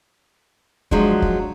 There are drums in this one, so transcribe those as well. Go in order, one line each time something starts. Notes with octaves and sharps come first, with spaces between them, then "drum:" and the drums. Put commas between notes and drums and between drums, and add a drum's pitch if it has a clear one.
F3 F#3 G#3 D4, drum: kick
drum: kick